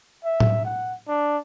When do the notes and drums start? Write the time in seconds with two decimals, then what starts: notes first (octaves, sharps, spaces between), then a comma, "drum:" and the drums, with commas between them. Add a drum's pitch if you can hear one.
0.25 E5
0.40 drum: tom A2
0.65 F#5
1.08 D4